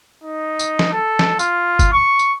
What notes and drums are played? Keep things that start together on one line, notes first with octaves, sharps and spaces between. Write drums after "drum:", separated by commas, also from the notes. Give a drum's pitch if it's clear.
D#4
drum: tambourine
drum: snare
A4
drum: snare
F4, drum: tambourine
drum: kick G1, tambourine
C#6
drum: tambourine